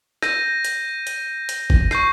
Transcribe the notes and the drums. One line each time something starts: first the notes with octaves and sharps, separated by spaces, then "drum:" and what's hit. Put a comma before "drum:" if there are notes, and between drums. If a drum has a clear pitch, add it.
G6 A#6 D#7, drum: rim click
drum: hi-hat
drum: hi-hat
drum: hi-hat
drum: kick
C#6 G6 C7, drum: rim click